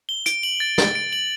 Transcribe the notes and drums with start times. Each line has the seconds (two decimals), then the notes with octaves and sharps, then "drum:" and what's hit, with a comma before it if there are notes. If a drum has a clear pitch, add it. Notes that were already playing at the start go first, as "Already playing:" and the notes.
0.09 G7
0.26 D7, drum: hi-hat
0.43 F#7
0.60 A6
0.78 A6, drum: snare
0.95 D7
1.13 F#7